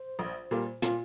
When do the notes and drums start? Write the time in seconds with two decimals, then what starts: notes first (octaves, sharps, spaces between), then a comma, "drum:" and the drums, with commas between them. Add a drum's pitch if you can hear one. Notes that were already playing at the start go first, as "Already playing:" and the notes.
Already playing: C5
0.19 A#1
0.51 A#2 G3 A#3 F4
0.82 A#2 F4, drum: hi-hat